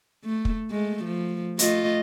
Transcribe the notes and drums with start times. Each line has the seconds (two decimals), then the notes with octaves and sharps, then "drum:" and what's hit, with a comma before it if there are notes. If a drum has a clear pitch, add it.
0.24 A3
0.45 drum: kick
0.71 G#3 A3
1.04 F3
1.59 A3 F4 D#5, drum: hi-hat